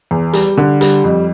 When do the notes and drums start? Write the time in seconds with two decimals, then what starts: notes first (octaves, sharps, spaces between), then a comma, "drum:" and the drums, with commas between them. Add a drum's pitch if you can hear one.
0.11 E2
0.33 G3, drum: hi-hat
0.58 D3
0.81 G3, drum: hi-hat
1.04 F2